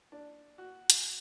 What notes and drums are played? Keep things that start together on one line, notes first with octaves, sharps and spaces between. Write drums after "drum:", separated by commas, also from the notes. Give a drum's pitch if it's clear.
D4
F#4
drum: hi-hat